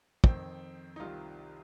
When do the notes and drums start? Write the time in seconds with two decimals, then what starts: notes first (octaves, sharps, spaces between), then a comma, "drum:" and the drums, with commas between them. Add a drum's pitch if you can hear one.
0.24 F2 D#3 C4, drum: kick
0.96 D#4
1.00 C2 C3 D#3 F4